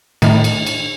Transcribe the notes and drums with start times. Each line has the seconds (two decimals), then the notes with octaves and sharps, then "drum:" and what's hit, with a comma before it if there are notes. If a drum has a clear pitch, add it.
0.22 A2 D#3, drum: cymbal
0.44 drum: cymbal
0.67 drum: cymbal